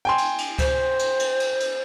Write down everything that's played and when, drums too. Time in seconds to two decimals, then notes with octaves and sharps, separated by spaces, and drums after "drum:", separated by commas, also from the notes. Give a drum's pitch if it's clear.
0.05 G5 G#5 C6
0.18 drum: cymbal
0.38 drum: cymbal
0.59 C5, drum: kick C#2, cymbal
0.99 drum: cymbal
1.20 drum: cymbal
1.40 drum: cymbal
1.60 drum: cymbal